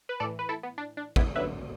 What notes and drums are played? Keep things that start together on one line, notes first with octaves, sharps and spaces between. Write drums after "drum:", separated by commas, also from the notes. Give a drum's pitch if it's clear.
B4
A2 E3 A4 D5
B4
E4 A4
B3
D4
D4
B3 E4, drum: kick
F#2 D3 F#3 B4 E5